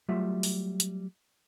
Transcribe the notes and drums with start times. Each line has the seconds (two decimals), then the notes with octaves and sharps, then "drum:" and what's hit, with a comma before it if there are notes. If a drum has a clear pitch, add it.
0.09 F#3 G3 A3 F4 E5
0.43 drum: open hi-hat
0.80 drum: hi-hat